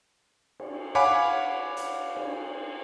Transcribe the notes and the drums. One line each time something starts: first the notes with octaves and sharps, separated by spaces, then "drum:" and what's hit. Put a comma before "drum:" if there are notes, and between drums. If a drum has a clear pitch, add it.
drum: cymbal
C#5 F5 F#5 G#5 B5 D6
drum: hi-hat
drum: cymbal